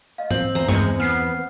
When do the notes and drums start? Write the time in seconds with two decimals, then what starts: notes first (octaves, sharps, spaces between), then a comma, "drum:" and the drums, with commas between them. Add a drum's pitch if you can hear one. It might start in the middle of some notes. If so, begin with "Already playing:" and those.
0.18 D#5 F5
0.31 C4 F#7, drum: tom G#2
0.55 E2 C5 A#5
0.69 G#3 C4 C#6, drum: tom G2
1.00 B3 F6 C7